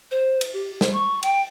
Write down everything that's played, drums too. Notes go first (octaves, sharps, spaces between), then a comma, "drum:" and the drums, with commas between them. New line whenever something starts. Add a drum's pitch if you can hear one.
C5
drum: cymbal
G4
C5, drum: snare
C#6
G5, drum: cymbal